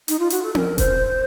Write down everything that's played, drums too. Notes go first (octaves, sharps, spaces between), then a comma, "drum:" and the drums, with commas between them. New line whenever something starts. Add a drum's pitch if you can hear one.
D#4, drum: hi-hat
F4
F#4, drum: hi-hat
A4
A#4, drum: tom C4
C5, drum: kick E1, hi-hat